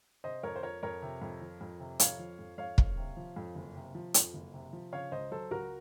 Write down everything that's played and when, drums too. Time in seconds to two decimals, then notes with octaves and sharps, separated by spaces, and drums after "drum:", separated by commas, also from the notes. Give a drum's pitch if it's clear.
0.24 C3 C5 D#5
0.43 F2 A#4 C#5
0.56 C5
0.63 F3 A#4 C#5
0.83 F2 A#4 C#5
1.02 C3
1.22 F2
1.42 F3
1.61 F2
1.80 C3
2.00 F2 C#5 F5, drum: hi-hat
2.19 F3
2.39 F2
2.58 F2 C#5 F5
2.78 F#1, drum: kick
2.97 C3
3.17 F3
3.36 F2
3.55 F#1
3.76 C3
3.95 F3
4.14 F2, drum: hi-hat
4.34 F#1
4.54 C3
4.73 F3
4.93 C#3 C#5 F5
5.12 C#2 C5 D#5
5.32 F#3 A4 C5
5.51 C#2 F#4 A#4